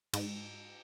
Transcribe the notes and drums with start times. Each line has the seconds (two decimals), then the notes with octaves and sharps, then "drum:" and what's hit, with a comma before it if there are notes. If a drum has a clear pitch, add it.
0.13 G#2, drum: cymbal